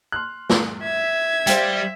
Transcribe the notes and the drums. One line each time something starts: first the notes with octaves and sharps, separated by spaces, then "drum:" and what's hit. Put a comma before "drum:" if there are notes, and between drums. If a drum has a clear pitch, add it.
C6 F6 F#6
drum: snare
E5 G#6
G3 C5 F5 G5, drum: hi-hat